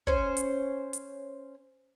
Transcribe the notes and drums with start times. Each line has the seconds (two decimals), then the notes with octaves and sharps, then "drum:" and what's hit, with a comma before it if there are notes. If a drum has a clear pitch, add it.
0.07 C#4 C5, drum: kick
0.37 drum: hi-hat
0.93 drum: hi-hat